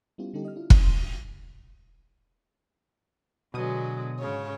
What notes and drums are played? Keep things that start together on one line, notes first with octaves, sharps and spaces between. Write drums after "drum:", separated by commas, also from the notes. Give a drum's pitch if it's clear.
G3 B3 C#4 E4 F4 G4
D3 G3 C#4 D#4 G4 A4
D#5 F6
D4 E4 F4
C#4, drum: kick F1
C6
B2 D3 F#3 G#3 D#6
G#2 C#3 C#5